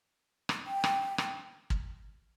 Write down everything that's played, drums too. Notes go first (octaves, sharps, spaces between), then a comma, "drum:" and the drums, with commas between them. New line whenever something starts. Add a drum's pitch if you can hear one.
drum: rim click
G5
drum: rim click
drum: rim click
drum: kick